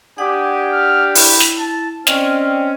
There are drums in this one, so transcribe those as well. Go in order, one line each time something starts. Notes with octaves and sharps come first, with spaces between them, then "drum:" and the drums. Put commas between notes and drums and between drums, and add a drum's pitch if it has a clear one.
D4 G4 F#5 G#5 D#6
F6
E4 B5, drum: open hi-hat
drum: snare
A5
C4 C#4 D5 D#5 F6, drum: snare